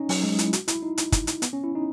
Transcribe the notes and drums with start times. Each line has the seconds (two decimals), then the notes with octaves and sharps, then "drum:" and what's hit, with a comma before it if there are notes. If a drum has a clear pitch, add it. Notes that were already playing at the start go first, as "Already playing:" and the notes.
Already playing: C#4 D#4
0.09 F#3, drum: open hi-hat
0.24 G#3
0.39 E4, drum: hi-hat
0.53 F#4, drum: hi-hat
0.68 E4, drum: hi-hat
0.83 D#4
0.98 drum: hi-hat
1.12 drum: kick G1, hi-hat
1.27 drum: hi-hat
1.42 B3, drum: hi-hat
1.53 C#4
1.64 E4
1.75 D#4